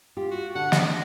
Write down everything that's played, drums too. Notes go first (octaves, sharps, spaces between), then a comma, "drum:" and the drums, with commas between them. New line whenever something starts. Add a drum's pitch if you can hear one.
F4 G4
F#4
D3 F#5
D#5, drum: snare